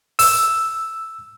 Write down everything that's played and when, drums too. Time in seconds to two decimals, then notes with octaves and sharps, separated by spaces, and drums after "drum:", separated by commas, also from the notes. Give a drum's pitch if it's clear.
0.19 E6, drum: open hi-hat